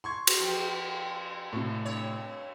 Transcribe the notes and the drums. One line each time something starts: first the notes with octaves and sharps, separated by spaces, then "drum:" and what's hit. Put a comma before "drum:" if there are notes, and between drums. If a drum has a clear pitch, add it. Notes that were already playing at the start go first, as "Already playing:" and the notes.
C6 C#6 G#6
drum: cymbal
F3 C4 G4
A2 C3
G2 C#5